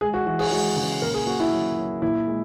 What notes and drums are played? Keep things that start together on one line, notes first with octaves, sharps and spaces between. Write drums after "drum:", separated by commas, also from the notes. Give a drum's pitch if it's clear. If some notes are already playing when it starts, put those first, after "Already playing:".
G#3 G#4
F#4
E3 F#4
G#4, drum: cymbal
G#3 F#4
C#3
A#2 A#4
G#4
A#3 F#4
E4
F#3
F#3
A#2 E4
G#3